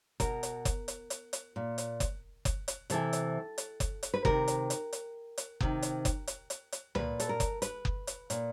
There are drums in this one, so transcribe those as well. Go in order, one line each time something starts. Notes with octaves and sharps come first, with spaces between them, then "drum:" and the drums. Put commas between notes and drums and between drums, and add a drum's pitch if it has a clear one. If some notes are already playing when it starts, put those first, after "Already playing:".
B2 A#4, drum: kick F#1, hi-hat
drum: hi-hat
drum: kick F#1, hi-hat
drum: hi-hat
drum: hi-hat
drum: hi-hat
A#2
drum: hi-hat
drum: kick F#1, hi-hat
drum: kick F#1, hi-hat
drum: hi-hat
C3 E3 A4, drum: hi-hat
drum: hi-hat
drum: hi-hat
drum: kick F#1, hi-hat
drum: hi-hat
B4
C3 D#3 A#4, drum: kick F#1
drum: hi-hat
drum: hi-hat
drum: hi-hat
drum: hi-hat
C3 D#3, drum: kick F#1
drum: hi-hat
drum: kick F#1, hi-hat
drum: hi-hat
drum: hi-hat
drum: hi-hat
A#2 B4, drum: tom C#2
A4, drum: hi-hat
A#4
drum: kick F#1, hi-hat
B4, drum: hi-hat
drum: kick F#1
drum: hi-hat
A#2, drum: hi-hat